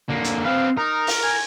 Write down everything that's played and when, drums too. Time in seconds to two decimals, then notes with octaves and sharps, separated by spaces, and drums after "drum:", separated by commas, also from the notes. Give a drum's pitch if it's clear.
0.09 D3 A#3
0.24 drum: hi-hat
0.45 C4 B4 F5
0.77 D#4 A#4
1.07 drum: open hi-hat
1.23 G#5